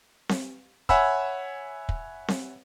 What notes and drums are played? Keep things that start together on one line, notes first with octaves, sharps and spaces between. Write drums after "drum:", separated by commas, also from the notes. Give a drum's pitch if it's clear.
drum: snare C4
C#5 E5 F#5 G#5 B5 E6, drum: kick
drum: kick
drum: snare C4